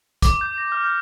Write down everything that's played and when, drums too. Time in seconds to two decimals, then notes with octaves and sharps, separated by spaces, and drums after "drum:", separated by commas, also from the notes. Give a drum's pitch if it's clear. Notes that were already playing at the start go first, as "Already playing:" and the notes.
0.22 D6, drum: kick, hi-hat
0.41 G6
0.58 A#6
0.72 F6
0.84 G6